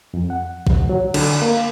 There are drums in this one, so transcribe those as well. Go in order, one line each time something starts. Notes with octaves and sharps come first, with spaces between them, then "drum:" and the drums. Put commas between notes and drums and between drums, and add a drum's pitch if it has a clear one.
F2
F#5
drum: kick
F#3
D3, drum: cymbal
A#3